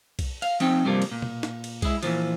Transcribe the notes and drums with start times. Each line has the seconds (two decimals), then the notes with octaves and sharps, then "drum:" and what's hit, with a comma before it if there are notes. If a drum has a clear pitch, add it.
0.19 drum: kick B1, cymbal
0.42 F5, drum: cymbal
0.60 F3 C4 D#4 G5, drum: cymbal
0.85 G2 C3 F3 G3 A#3
1.02 drum: cymbal
1.11 A#2
1.22 drum: tom B2
1.43 drum: snare
1.64 drum: cymbal
1.82 G#3 E4, drum: kick B1, cymbal
2.03 A#2 E3 F3, drum: cymbal